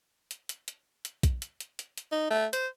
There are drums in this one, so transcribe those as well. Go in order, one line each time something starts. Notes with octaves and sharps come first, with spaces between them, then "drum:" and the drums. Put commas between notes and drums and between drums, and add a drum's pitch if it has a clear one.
drum: hi-hat
drum: hi-hat
drum: hi-hat
drum: hi-hat
drum: kick A#1, hi-hat
drum: hi-hat
drum: hi-hat
drum: hi-hat
drum: hi-hat
D#4
A3
C5, drum: hi-hat